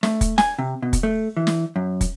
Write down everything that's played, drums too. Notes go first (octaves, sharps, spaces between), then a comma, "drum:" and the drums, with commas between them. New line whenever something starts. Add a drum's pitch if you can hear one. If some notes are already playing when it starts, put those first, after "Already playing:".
A3, drum: snare
drum: kick, hi-hat
G#5, drum: snare
C3
B2
drum: kick, hi-hat
A3
E3
drum: snare
F#2
drum: kick, hi-hat